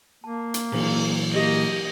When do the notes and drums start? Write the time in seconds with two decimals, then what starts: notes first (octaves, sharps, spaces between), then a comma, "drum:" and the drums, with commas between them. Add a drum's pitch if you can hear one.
0.24 A#3 A5
0.54 drum: hi-hat
0.72 A#2 E3 F#3, drum: cymbal
1.34 A#3 G4 A#4 D5 D#5